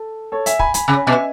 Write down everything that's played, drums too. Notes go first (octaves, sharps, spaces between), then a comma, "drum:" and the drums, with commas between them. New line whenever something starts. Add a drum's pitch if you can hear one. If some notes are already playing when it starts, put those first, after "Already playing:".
Already playing: A4
A4 C#5
E5 G#5, drum: hi-hat
G#5 B5, drum: kick
G#5 B5, drum: hi-hat
C#3 G#5 B5
B2 E5 G#5